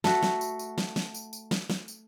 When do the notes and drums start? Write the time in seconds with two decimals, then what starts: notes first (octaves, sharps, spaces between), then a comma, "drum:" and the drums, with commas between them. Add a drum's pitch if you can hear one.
0.04 A3 F#4, drum: snare
0.23 drum: snare
0.41 drum: tambourine
0.59 drum: tambourine
0.78 drum: snare
0.96 drum: snare
1.14 drum: tambourine
1.33 drum: tambourine
1.51 drum: snare
1.70 drum: snare
1.88 drum: tambourine